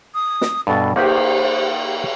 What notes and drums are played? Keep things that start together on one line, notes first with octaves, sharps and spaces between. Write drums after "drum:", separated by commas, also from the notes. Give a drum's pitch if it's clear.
D#6
drum: snare
G2 B2 A4
A#3 D#4 G4 C5, drum: cymbal